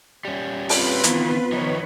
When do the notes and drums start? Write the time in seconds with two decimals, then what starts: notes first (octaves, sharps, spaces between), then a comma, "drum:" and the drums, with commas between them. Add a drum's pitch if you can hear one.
0.25 G3 C#4
0.69 C4 F4 B4, drum: open hi-hat
1.03 D#3 E3 B3, drum: hi-hat
1.52 D#3 F3 D#4 B4 C#5